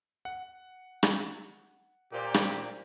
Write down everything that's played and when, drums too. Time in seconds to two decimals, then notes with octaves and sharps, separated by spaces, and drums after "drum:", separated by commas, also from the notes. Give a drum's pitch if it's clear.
0.25 F#5
1.03 drum: rim click
2.12 A#2 G4 A#4 C5 D5
2.34 drum: rim click